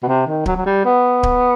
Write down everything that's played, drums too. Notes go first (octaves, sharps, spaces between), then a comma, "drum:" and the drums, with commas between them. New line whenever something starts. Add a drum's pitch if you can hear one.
B2
C3
D#3
F#3, drum: kick D1
F#3
G3
B3
drum: kick D1